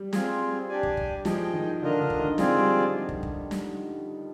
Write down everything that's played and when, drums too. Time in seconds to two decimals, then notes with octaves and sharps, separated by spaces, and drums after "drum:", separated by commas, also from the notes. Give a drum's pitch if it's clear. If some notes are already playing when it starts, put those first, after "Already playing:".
Already playing: G3
0.13 C4 F4 G#4, drum: snare
0.69 D4 G4 D5 G#5
0.83 drum: kick
0.97 drum: kick
1.25 F3 G#4 D#5 G5, drum: snare
1.53 D#3
1.82 D3 D4 F4 A#4 D#5
2.00 D3
2.10 drum: kick
2.19 D#3
2.38 F3 C4 F4 G#4 D5, drum: snare
2.57 G3
3.09 drum: kick
3.23 drum: kick
3.51 drum: snare